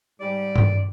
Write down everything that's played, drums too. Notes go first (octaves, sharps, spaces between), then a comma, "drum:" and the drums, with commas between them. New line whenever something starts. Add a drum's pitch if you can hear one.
G#2 G3 D5 D6
drum: tom G2